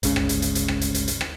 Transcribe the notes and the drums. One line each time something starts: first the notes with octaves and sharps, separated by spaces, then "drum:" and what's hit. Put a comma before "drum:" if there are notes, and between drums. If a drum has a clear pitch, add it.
G1 C#2 C#3, drum: hi-hat
drum: rim click
drum: hi-hat
drum: hi-hat
drum: hi-hat
drum: rim click
drum: hi-hat
drum: hi-hat
drum: hi-hat
drum: rim click